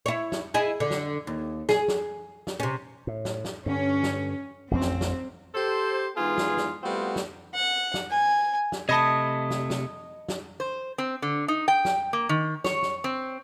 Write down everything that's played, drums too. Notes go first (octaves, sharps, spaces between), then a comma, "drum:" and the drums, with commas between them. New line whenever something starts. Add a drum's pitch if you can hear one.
E4 C#5
drum: snare
E4 G#4 D#5
D3
drum: snare
D#2
G#4, drum: snare
drum: snare
drum: snare
C3 C#4
A2
drum: snare
drum: snare
G2 D3 C#4
drum: snare
A1 F2 C4 C#4
drum: snare
drum: snare
G4 A4 C5
G#2 E3 B3 F4 G#4
drum: snare
drum: snare
G3 A3 B3 C4 F4 F#4
drum: snare
F#5
drum: snare
G#5
drum: snare
C3 A3 D#5 A5 B5 G#6
drum: snare
drum: snare
drum: snare
C5
C4
D3
D#4
G5
drum: snare
A#3
D#3
C#5, drum: snare
drum: snare
C4